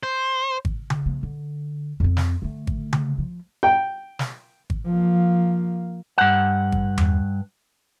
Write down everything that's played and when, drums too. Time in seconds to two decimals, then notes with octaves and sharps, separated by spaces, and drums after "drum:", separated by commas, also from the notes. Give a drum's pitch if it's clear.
0.03 C5
0.65 drum: kick G#1
0.90 drum: tom C#3
1.06 F3 A#3
1.23 D3
2.00 F2 C4
2.17 drum: snare
2.42 D3 A3
2.67 drum: kick G#1
2.93 drum: tom C#3
3.18 F3
3.63 G5
4.19 drum: snare
4.70 drum: kick G#1
4.86 F3 A#3
6.18 G2 F#5
6.72 drum: kick G#1
6.98 drum: tom E2